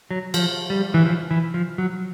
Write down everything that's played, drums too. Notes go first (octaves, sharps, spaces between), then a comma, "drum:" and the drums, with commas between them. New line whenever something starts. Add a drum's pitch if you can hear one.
F#3
F3, drum: cymbal
G3
E3
F3
E3
F3
F#3